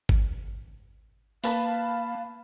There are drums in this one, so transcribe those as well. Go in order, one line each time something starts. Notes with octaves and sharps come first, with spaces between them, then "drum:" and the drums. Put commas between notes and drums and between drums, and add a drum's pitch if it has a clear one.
drum: kick G#1
A#3 B4 F5 A5 B5, drum: open hi-hat